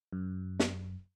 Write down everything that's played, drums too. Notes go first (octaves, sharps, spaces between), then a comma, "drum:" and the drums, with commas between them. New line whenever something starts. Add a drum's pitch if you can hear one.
F#2
drum: snare